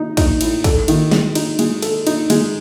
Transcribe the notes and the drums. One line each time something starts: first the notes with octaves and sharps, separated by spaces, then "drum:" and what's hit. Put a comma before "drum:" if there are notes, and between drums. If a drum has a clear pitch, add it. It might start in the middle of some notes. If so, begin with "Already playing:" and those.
Already playing: D#4
D#4, drum: kick, cymbal
A2, drum: cymbal
A4, drum: kick, cymbal
D#3, drum: cymbal
G#3, drum: snare
D#4, drum: cymbal
G#3, drum: cymbal
A4, drum: cymbal
D#4, drum: cymbal
G#3, drum: cymbal